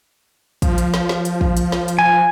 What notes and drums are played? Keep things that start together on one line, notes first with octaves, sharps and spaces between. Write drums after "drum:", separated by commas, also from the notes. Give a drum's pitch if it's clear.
F3, drum: kick, hi-hat
drum: hi-hat
drum: snare
drum: snare
drum: hi-hat
drum: kick
drum: hi-hat
drum: snare
drum: hi-hat
G#5